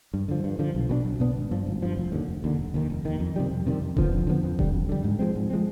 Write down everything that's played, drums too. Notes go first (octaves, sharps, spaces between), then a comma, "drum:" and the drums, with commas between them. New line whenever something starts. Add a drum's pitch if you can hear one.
G2
D3 F3
G2
D3 F3
B1
B2 B3 D4
B1
B2 B3 D4
G#1
G2 F3
G#1
G2 F3
F1
D#2 D3
F1
D#2 D3
F1
D#2 D#3
F1
D#2 D#3
F2
C3 D#3 G3
F2
C3 D#3 G3
F2
D3 F3 B3, drum: kick E1
F2
D3 F3 B3
F2
D3 G3, drum: kick E1
F2
D3 G3
G#2
F3 G#3 C4
G#2
F3 G#3 C4